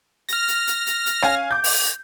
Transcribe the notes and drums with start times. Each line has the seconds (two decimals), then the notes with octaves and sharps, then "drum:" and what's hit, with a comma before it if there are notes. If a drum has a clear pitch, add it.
0.29 F6 A#6, drum: hi-hat
0.48 drum: hi-hat
0.67 drum: hi-hat
0.87 drum: hi-hat
1.06 drum: hi-hat
1.22 C#4 F5 G#5, drum: rim click
1.51 D6 G6
1.64 drum: open hi-hat
1.83 drum: hi-hat